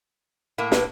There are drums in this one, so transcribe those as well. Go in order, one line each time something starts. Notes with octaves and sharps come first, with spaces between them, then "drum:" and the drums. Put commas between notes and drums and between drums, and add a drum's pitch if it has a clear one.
A2 A#3
B4, drum: snare